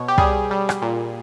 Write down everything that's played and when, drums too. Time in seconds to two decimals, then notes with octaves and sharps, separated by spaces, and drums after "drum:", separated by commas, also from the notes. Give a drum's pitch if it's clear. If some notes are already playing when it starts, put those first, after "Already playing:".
Already playing: B2 C#5
0.08 G4
0.18 G3 G#4, drum: kick
0.51 G3
0.69 drum: rim click
0.82 A#2